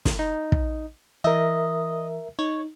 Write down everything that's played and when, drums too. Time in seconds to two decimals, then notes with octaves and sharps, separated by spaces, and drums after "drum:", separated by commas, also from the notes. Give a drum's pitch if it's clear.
0.05 drum: snare
0.19 D#4
0.52 drum: kick
1.24 E3 A#4 D#5 E5
2.39 D#4 C#5